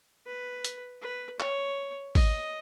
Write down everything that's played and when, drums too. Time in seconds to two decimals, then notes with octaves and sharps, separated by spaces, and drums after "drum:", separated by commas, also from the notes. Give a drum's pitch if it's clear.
0.27 B4
0.64 drum: hi-hat
1.02 B4
1.40 C#5, drum: clap
2.15 D#5, drum: kick G#1, open hi-hat